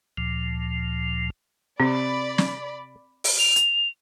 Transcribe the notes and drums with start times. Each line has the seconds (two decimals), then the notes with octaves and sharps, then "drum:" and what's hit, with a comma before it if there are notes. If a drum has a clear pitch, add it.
0.17 D2 A#2 F3
1.80 C3 C4 D5 B5
2.38 drum: snare
3.24 drum: open hi-hat
3.39 F7
3.56 drum: hi-hat